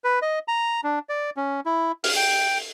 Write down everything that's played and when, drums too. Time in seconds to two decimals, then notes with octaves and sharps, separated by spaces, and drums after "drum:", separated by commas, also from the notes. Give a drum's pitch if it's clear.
0.04 B4
0.22 D#5
0.48 A#5
0.84 D4
1.09 D5
1.37 C#4
1.66 E4
2.04 F6, drum: open hi-hat
2.16 G5